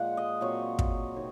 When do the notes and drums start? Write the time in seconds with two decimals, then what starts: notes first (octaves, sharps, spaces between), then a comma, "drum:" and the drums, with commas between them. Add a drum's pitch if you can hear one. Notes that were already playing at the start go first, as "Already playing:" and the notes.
Already playing: A#2 F3 G#3 F#5
0.17 D#5
0.41 A#2 F#3 C4 C#5
0.79 drum: kick
1.16 C3 D#3 C#5